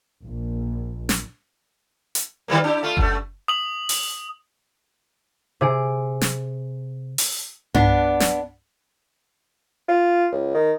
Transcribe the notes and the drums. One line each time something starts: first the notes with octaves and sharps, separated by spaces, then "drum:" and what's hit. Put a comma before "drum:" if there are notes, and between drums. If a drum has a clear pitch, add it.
A#1
drum: snare
drum: hi-hat
D#3 G3 A#3
D4 E4 G4
A3 F4
F#2 A3, drum: kick F#1
D#6 F#7
drum: open hi-hat
C3 G#4 D7
drum: snare
drum: open hi-hat
B3 D4, drum: tom G2
drum: snare
F4
C#2
D#3